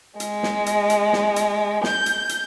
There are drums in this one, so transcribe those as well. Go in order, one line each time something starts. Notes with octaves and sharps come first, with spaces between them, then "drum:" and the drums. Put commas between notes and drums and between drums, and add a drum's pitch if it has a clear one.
G#3, drum: hi-hat
drum: snare
drum: hi-hat
drum: hi-hat
drum: snare
drum: hi-hat
G6, drum: snare
drum: hi-hat
drum: hi-hat